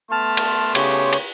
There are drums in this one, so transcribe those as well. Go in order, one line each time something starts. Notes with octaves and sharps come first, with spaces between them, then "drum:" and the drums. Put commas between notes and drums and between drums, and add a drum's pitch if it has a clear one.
A3 B3 A5 C6 F6
drum: cymbal
C#3 G4 C#5, drum: cymbal
drum: cymbal